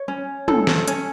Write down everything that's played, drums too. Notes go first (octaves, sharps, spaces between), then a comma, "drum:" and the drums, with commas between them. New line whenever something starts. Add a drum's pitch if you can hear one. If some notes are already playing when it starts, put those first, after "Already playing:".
Already playing: C#5
C#4
A4, drum: tom
drum: snare
C#4, drum: hi-hat